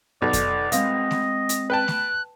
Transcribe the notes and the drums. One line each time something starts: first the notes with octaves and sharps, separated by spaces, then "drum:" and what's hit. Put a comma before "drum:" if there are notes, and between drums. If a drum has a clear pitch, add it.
B1 D#4 A4 D5
drum: kick F2, hi-hat
G#3 C4 D#5 F5, drum: hi-hat
drum: snare A3
drum: hi-hat
B4 G5 A5 F#6
drum: snare A3